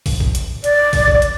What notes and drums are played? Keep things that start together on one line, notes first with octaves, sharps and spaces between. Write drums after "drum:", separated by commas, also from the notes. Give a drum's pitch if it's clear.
drum: kick, open hi-hat
drum: kick
drum: hi-hat
D5, drum: hi-hat
drum: kick, open hi-hat
drum: kick
drum: hi-hat